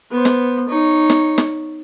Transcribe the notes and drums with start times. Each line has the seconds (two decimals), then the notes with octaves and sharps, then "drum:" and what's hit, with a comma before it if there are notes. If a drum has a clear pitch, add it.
0.11 B3 C5
0.25 drum: snare
0.69 D#4 C#5
1.10 drum: snare
1.38 drum: snare